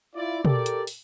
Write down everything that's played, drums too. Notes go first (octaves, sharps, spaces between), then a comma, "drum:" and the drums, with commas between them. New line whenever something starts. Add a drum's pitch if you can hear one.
E4 F4 D5
G4 A4 A#4 D5, drum: tom
drum: hi-hat
drum: open hi-hat